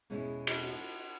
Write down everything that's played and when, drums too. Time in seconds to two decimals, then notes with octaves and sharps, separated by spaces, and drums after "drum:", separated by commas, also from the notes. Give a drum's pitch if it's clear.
0.10 E2 B2 G#3 C#4 E4
0.47 drum: cymbal